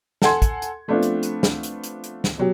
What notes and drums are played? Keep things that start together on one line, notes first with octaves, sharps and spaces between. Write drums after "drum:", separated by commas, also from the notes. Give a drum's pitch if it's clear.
A4 F#5 G#5 C6 G#6, drum: snare
drum: kick, hi-hat
drum: hi-hat
F3 A3 B3 C4 D4 F4
drum: hi-hat
drum: hi-hat
drum: snare
drum: hi-hat
drum: hi-hat
drum: hi-hat
drum: snare
B2 F#3 G4